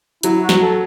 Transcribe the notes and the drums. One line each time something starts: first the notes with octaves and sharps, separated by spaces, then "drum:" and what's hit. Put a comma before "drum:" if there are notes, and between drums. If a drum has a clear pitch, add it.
F#3 E4, drum: hi-hat
F#4
F#3, drum: snare
A4